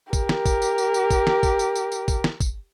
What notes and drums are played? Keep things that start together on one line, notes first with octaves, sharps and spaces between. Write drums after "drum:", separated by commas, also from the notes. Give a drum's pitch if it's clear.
G4 A#4, drum: kick, tambourine
drum: snare
drum: kick, tambourine
drum: tambourine
drum: tambourine
drum: tambourine
drum: kick, tambourine
drum: snare
drum: kick, tambourine
drum: tambourine
drum: tambourine
drum: tambourine
drum: kick, tambourine
drum: snare
drum: kick, tambourine